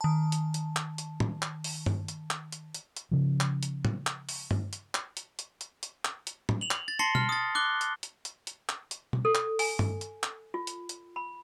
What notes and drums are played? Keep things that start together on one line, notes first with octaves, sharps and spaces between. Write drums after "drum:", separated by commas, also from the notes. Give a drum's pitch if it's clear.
D#3 A5
drum: hi-hat
drum: hi-hat
drum: clap
drum: hi-hat
drum: tom
drum: clap
drum: open hi-hat
drum: tom G2
drum: hi-hat
drum: clap
drum: hi-hat
drum: hi-hat
drum: hi-hat
C#3 F3
drum: clap
drum: hi-hat
drum: tom
drum: clap
drum: open hi-hat
drum: tom G2
drum: hi-hat
drum: clap
drum: hi-hat
drum: hi-hat
drum: hi-hat
drum: hi-hat
drum: clap
drum: hi-hat
drum: tom
F7 F#7
drum: clap
A6
A5 C6 A#6 C7 C#7 G7
F6, drum: tom B2
D#6 A6
D6 F#6 G7
drum: hi-hat
drum: hi-hat
drum: hi-hat
drum: hi-hat
drum: clap
drum: hi-hat
drum: tom B2
A4
drum: clap
G#5, drum: open hi-hat
drum: tom G2
drum: hi-hat
drum: clap
F4
drum: hi-hat
drum: hi-hat
B5